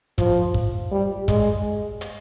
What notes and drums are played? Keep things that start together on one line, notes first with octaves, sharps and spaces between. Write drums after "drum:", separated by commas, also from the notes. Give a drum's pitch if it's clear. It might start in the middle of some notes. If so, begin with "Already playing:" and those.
F3, drum: kick, hi-hat
drum: kick
G3
G#3, drum: kick, hi-hat
drum: hi-hat